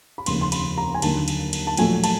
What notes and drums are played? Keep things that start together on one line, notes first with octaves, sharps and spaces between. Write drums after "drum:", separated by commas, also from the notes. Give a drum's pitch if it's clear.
B5
F1 D#2 C#3 C6, drum: cymbal
C6
B5, drum: cymbal
A#5
G#5
D#2 D3 F#3 A#3 A5, drum: cymbal
drum: cymbal
drum: cymbal
A5
A#1 A#2 F#3 A3 G#5, drum: cymbal
A5, drum: cymbal